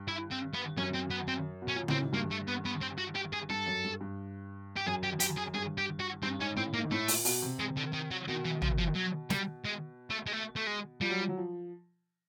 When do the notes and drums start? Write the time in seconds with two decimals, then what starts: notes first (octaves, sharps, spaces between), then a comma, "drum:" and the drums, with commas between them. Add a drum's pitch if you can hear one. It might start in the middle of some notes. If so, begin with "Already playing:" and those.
Already playing: G2
0.08 E4
0.31 C4
0.54 B3
0.77 F#2 C#4
0.94 C4
1.10 B3
1.28 C4
1.62 B2
1.68 C#4
1.75 A#2
1.88 A2 C4, drum: tom C#3
2.01 G#2
2.13 G2 A#3
2.31 A3
2.48 B3
2.65 B3
2.81 C4
2.98 F#4
3.15 G4
3.33 G#4
3.50 G2 A4
3.66 F#2
3.84 G2
4.01 G2
4.76 G4
4.86 F#2 G#4
5.03 G4
5.20 G4, drum: hi-hat
5.38 G#4
5.54 G2 G#4
5.78 G4
6.00 F#4
6.22 G2 C4
6.40 G#2 C#4
6.56 A2 C4
6.74 G#2 A#3
6.85 G#2
6.91 A2 A3
7.08 A#2, drum: open hi-hat
7.25 B2, drum: open hi-hat
7.42 C3
7.59 C3 G#3
7.77 D3
7.93 D#3
8.11 F#3
8.28 B2 D#3
8.45 E3
8.62 F3, drum: tom
8.78 F3
8.95 F#3
9.30 G3, drum: snare
9.65 G#3
10.10 A3
10.27 G#3
10.32 A3
10.56 A3
10.67 G#3
11.01 F3 G3
11.10 F#3
11.20 F3
11.29 F#3
11.38 F3